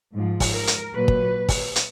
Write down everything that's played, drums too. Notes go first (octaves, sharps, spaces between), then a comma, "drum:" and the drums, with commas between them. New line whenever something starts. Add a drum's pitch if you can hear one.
G#2 F3
drum: kick, open hi-hat
A#4
drum: hi-hat
A#2 F#3 B4
drum: kick
drum: kick, open hi-hat
drum: hi-hat